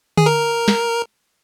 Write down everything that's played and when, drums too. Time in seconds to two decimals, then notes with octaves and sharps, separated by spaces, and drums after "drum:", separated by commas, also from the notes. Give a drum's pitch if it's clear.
0.17 G#4, drum: tom D3
0.26 A#4
0.68 drum: snare